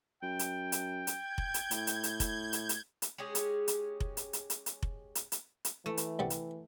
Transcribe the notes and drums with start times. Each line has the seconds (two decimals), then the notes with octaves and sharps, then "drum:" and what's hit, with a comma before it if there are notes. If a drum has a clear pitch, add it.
0.23 F#2 G5
0.39 drum: hi-hat
0.72 drum: hi-hat
1.07 G6 G#6, drum: hi-hat
1.38 drum: kick F1
1.54 drum: hi-hat
1.71 A2, drum: hi-hat
1.87 drum: hi-hat
2.03 drum: hi-hat
2.20 drum: kick F1, hi-hat
2.53 drum: hi-hat
2.69 drum: hi-hat
3.02 drum: hi-hat
3.18 G#3 C#4 G4 G#4
3.35 drum: hi-hat
3.68 drum: hi-hat
4.00 drum: kick F1
4.17 drum: hi-hat
4.33 drum: hi-hat
4.50 drum: hi-hat
4.66 drum: hi-hat
4.83 drum: kick F1
5.15 drum: hi-hat
5.32 drum: hi-hat
5.65 drum: hi-hat
5.86 E3 A3
5.97 drum: hi-hat
6.19 C2 G3 F#5
6.30 drum: hi-hat